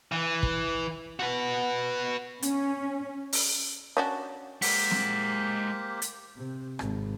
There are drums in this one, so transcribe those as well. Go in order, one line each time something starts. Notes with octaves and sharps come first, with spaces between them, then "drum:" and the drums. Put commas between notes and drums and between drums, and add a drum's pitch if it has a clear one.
E3
drum: kick
F#4 B4
C#4, drum: hi-hat
drum: open hi-hat
C#4 D4 F#4
G#3 A#3 G4 C5 F#5 B6, drum: open hi-hat
drum: snare
drum: hi-hat
C3
G#1, drum: rim click